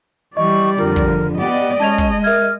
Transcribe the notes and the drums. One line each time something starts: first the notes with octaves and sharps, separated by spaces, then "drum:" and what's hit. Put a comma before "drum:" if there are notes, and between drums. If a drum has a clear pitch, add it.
E3 G3 D5 D#5 C#6
F2 D3 F4 A#4, drum: open hi-hat
drum: kick
B3 G4 D5 D#5 F#5
G#3 C#4 A5 G#6 F7, drum: snare
drum: kick
A#4 E5 F6 G#6